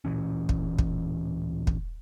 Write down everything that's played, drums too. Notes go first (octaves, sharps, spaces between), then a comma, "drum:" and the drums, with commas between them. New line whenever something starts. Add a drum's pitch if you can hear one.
D1 A#2 E3 C#4
drum: kick
drum: kick
drum: kick